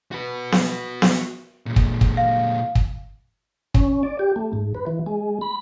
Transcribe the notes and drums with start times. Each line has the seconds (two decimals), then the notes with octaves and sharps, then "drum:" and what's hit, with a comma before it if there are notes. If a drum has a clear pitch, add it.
0.11 F#4 B4
0.52 drum: snare B3
1.02 drum: snare B3
1.66 A#2 G#3
1.76 drum: kick
2.01 drum: kick
2.17 F5
2.75 drum: kick
3.74 C#4, drum: kick
4.03 D5
4.19 G4
4.36 A3
4.53 G#2
4.75 B4
4.87 E3
5.06 G#3
5.41 B5